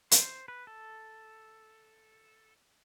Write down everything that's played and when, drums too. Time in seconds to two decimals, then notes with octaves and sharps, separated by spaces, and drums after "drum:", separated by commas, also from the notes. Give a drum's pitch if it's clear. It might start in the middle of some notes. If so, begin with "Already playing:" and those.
0.11 C5, drum: hi-hat
0.48 B4
0.67 A4